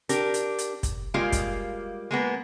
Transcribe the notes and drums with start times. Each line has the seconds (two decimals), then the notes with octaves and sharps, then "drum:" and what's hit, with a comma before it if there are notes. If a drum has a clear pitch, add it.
0.09 D4 G4 A#4, drum: hi-hat
0.34 drum: hi-hat
0.59 drum: hi-hat
0.83 drum: kick, hi-hat
1.14 G3 G#3 A#3 F4 F5
1.32 drum: kick, hi-hat
2.11 G#3 A#3 B3